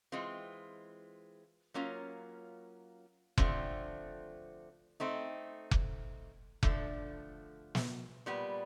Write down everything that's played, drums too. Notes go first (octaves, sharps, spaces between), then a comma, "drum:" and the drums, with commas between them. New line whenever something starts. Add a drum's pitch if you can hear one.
E3 G#3 C4 F4
F#3 A#3 C#4 F4
D3 F3 A3 C4 F4, drum: kick F1
A3 C4 D#4
drum: kick F1
D3 F3 A3, drum: kick F1
drum: snare
A#2 G3 B3